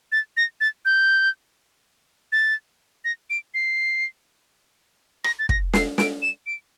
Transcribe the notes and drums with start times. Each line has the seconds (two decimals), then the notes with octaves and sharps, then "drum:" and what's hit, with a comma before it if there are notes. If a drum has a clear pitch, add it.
0.12 A6
0.37 A#6
0.61 A6
0.85 G6
2.32 A6
3.05 A#6
3.30 D7
3.54 C7
5.24 A#6, drum: rim click
5.39 A6
5.49 A#6, drum: kick
5.73 C7, drum: snare
5.98 D7, drum: snare
6.22 E7
6.46 D7